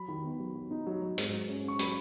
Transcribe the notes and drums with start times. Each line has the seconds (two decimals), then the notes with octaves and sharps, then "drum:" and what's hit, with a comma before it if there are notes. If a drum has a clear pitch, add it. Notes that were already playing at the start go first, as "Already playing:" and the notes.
Already playing: F#3 B5
0.08 D#3
0.24 B3
0.39 F#3
0.55 F#3
0.71 D#4
0.87 F#3
1.02 F#3
1.18 G#2, drum: hi-hat
1.33 F#3
1.49 C#4
1.64 C#4 C#6
1.79 F#3 B5, drum: hi-hat